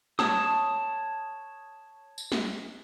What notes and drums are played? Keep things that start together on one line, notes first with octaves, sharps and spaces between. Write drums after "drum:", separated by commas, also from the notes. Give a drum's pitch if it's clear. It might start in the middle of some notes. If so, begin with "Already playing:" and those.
C#5 A5 D#6, drum: snare
drum: tambourine
drum: snare